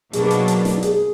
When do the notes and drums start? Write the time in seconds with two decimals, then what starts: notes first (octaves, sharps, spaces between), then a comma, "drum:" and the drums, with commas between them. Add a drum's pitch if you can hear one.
0.13 B2 F#3 A#3 D4 G#4, drum: hi-hat
0.31 drum: hi-hat
0.48 drum: hi-hat
0.65 drum: snare
0.83 G#4, drum: hi-hat